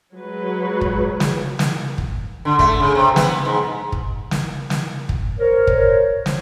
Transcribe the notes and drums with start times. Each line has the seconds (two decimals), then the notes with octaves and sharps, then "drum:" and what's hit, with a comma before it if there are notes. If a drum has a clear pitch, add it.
0.15 F#3 G#3 B4
0.81 drum: kick
1.20 drum: snare
1.59 drum: snare
1.98 drum: kick
2.45 D3
2.59 A3, drum: kick
2.80 C#3
2.95 C3
3.16 B3, drum: snare
3.45 G#2
3.92 drum: kick
4.31 drum: snare
4.70 drum: snare
5.09 drum: kick
5.39 A#4 C5 C#5
5.67 drum: kick
6.26 drum: snare